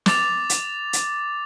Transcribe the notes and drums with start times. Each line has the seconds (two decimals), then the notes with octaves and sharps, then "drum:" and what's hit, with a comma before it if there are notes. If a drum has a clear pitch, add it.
0.06 D6 A6 F7, drum: snare
0.50 drum: hi-hat
0.93 drum: hi-hat